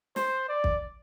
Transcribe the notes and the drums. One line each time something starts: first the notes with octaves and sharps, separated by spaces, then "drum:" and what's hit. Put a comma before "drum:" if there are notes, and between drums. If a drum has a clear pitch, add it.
C5, drum: snare
D5
drum: kick